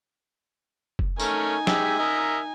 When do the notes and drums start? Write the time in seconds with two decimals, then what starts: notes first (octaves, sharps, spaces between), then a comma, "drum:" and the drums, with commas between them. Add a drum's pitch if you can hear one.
0.99 drum: kick F1
1.20 A3 C#4 D#4 A#4 G#5, drum: tambourine
1.67 G#3 G4 E5, drum: snare
1.99 A#4 D#5 E5